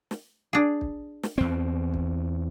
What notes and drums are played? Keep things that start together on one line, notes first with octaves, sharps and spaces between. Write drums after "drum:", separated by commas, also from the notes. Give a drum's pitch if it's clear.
drum: snare
D4 G#4
drum: kick
drum: snare
E2 C4
drum: kick